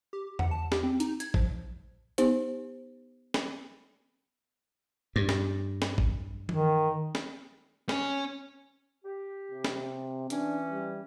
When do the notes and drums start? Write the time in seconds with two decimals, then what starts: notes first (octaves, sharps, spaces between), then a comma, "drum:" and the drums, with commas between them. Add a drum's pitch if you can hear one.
0.13 G4
0.39 F#5, drum: tom E2
0.51 A5
0.72 G4, drum: snare
0.83 C4
1.00 D#4, drum: hi-hat
1.20 G#6, drum: hi-hat
1.34 F3, drum: kick
2.18 B3 D#4 G4 C5, drum: hi-hat
3.34 drum: snare
5.16 G2
5.29 drum: snare
5.82 drum: snare
5.98 drum: kick
6.49 D#3, drum: tom E3
7.15 drum: snare
7.89 C#4, drum: snare
9.05 G4
9.52 C3
9.64 drum: snare
10.30 E3 C#4 D4, drum: hi-hat
10.71 G3